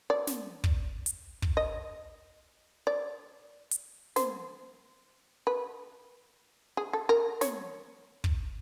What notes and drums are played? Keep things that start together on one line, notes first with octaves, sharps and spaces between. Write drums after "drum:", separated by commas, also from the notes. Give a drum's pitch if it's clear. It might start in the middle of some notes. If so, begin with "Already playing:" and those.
D5
drum: snare
drum: kick
drum: hi-hat
drum: kick
D#5
D5
drum: hi-hat
C5, drum: snare
B4
G#4
A4
A#4
C#5, drum: snare
drum: kick